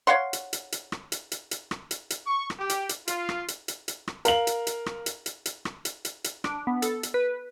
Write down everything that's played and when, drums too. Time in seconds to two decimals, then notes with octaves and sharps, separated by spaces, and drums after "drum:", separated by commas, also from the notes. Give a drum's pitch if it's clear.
0.07 C#5 F5 F#5 C6
0.33 drum: hi-hat
0.53 drum: hi-hat
0.72 drum: hi-hat
0.92 drum: rim click
1.12 drum: hi-hat
1.32 drum: hi-hat
1.51 drum: hi-hat
1.71 drum: rim click
1.91 drum: hi-hat
2.10 drum: hi-hat
2.26 C#6
2.50 drum: rim click
2.59 G4
2.70 drum: hi-hat
2.89 drum: hi-hat
3.08 F4, drum: hi-hat
3.29 drum: rim click
3.48 drum: hi-hat
3.68 drum: hi-hat
3.88 drum: hi-hat
4.08 drum: rim click
4.25 A#4 F5 F#7, drum: hi-hat
4.47 drum: hi-hat
4.67 drum: hi-hat
4.86 drum: rim click
5.06 drum: hi-hat
5.26 drum: hi-hat
5.46 drum: hi-hat
5.65 drum: rim click
5.85 drum: hi-hat
6.05 drum: hi-hat
6.24 drum: hi-hat
6.44 D4, drum: rim click
6.67 B3
6.82 A4, drum: hi-hat
7.03 drum: hi-hat
7.14 B4